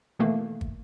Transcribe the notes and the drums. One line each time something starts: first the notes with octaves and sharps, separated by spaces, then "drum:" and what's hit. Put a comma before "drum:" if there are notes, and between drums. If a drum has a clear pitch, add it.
B2 D#3 E3 A3 A#3
drum: kick